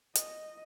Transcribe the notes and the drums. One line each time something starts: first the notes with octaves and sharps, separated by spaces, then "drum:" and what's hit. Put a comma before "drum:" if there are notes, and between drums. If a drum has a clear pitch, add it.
D#5, drum: hi-hat